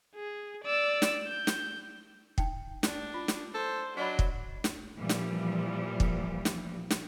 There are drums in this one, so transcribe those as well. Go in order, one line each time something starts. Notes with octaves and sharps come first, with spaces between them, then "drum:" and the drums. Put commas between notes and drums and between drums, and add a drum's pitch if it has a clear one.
G#4
D5 E6
drum: snare
G6
drum: snare
D#4 G5, drum: kick
D4, drum: snare
F4
drum: snare
A4 C5
F#3 D4 D5 D#5 B5
drum: kick
drum: snare
A#2 E3 F3 G3
drum: snare
drum: kick
drum: snare
drum: snare